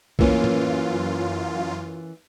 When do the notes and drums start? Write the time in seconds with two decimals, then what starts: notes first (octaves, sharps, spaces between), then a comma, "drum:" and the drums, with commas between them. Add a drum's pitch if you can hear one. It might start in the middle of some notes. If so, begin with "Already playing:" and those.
0.19 F#2 E3 A#3 C#4 F4, drum: kick B1
0.44 drum: tom